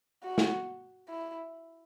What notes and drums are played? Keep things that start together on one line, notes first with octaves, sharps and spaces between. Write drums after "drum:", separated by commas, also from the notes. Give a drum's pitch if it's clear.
F#4
drum: snare
E4